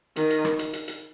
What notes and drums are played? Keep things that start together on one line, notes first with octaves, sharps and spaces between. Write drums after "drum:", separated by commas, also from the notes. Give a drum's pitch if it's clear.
D#3, drum: hi-hat
drum: hi-hat
drum: rim click
drum: hi-hat
drum: hi-hat
drum: hi-hat